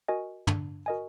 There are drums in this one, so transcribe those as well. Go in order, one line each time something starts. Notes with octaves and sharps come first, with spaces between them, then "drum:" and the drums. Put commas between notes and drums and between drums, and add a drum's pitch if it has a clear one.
F#4 A#4 D#5 G#5
D4, drum: tom
F#4 A#4 D#5 G#5